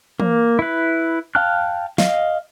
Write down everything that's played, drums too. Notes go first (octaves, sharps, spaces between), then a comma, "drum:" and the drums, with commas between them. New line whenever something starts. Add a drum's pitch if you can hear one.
A#3, drum: tom E3
E4 B4
F5 G5 A5 F6 F#6
D#5 F5, drum: snare